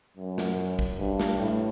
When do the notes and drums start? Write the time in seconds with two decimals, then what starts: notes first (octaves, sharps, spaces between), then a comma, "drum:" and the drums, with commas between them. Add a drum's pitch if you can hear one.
0.17 F#2
0.38 drum: snare
0.79 drum: kick
0.99 G2
1.20 drum: snare
1.40 A2